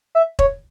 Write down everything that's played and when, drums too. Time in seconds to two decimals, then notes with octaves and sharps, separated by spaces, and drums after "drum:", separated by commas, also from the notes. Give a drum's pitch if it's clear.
0.15 E5
0.39 C#5, drum: kick E1